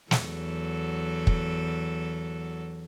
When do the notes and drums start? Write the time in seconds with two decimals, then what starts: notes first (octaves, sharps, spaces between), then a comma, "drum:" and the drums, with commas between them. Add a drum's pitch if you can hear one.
0.11 E2 F#3 A4, drum: snare
1.27 drum: kick